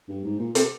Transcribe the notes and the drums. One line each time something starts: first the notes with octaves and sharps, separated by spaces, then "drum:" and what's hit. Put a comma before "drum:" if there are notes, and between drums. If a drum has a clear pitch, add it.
G2
G#2
A#2
C3, drum: hi-hat